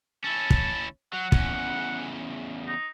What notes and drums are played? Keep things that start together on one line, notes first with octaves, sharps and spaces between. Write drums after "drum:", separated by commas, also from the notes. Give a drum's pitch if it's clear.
C#4 E4 A5
drum: kick
F#3 F#5
E2 C#3, drum: kick
D#4